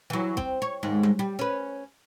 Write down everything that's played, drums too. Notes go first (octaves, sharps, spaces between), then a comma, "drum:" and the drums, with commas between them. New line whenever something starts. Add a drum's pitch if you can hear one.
E3 F#3
C4, drum: kick
C#5
D#2 G#2 G#3
drum: tom G3
G3
C#4 B4